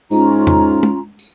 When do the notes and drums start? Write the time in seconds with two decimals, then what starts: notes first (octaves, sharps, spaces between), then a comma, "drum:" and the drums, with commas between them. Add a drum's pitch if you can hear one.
0.11 G#2 C#4 F4 A#5, drum: tambourine
0.47 drum: tom E2
0.83 drum: tom
1.19 drum: tambourine